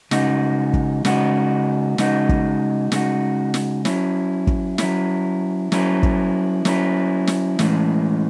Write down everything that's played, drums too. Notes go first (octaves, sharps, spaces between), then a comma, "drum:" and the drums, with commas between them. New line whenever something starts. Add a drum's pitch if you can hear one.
C#3 G#3 D#4 F#4, drum: snare
drum: kick
C#3 G#3 D#4 F#4, drum: snare
C#3 G#3 D#4 F#4, drum: snare
drum: kick
C#3 G#3 D#4 F#4, drum: snare
drum: snare
F#3 C#4 E4, drum: snare
drum: kick
F#3 C#4 E4, drum: snare
F#3 C#4 E4, drum: snare
drum: kick
F#3 C#4 E4, drum: snare
drum: snare
A2 E3 G#3 C#4, drum: snare